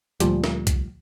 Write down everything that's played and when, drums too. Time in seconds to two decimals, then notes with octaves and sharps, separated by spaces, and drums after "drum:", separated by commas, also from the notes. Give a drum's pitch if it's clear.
0.20 D2 A#2 F3 G3, drum: hi-hat
0.44 drum: snare
0.67 drum: kick, hi-hat